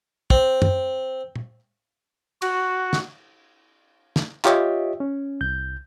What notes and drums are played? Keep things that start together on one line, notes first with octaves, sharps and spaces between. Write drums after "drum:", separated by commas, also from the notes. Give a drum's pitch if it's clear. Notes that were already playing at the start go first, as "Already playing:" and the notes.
C4, drum: kick
drum: tom
drum: tom
F#4, drum: cymbal
drum: snare
drum: snare
F4 G4 C#5 D#5 E5, drum: clap
C#4
C2 G6